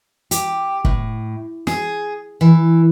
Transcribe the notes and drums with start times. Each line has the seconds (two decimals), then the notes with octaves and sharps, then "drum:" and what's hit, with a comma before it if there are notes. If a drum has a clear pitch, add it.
0.31 G4, drum: hi-hat
0.85 A2, drum: kick
1.67 G#4, drum: snare
2.41 E3